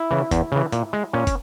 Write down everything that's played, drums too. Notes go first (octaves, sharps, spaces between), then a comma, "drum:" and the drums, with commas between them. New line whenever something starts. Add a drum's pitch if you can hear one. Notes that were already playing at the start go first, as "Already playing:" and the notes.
Already playing: E4
C#3 E3
E2, drum: kick, hi-hat
C#3 E3
A#2, drum: hi-hat
G#3
A#2 C#4
drum: kick, hi-hat